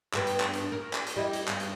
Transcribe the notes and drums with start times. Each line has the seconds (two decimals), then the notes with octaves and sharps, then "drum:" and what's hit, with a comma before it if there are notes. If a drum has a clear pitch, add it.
0.14 G2 B3, drum: clap
0.27 drum: hi-hat
0.40 drum: clap
0.54 drum: hi-hat
0.72 A#4
0.93 drum: clap
1.07 drum: hi-hat
1.16 G3 E4 D#5
1.33 drum: hi-hat
1.48 G2, drum: clap
1.60 drum: hi-hat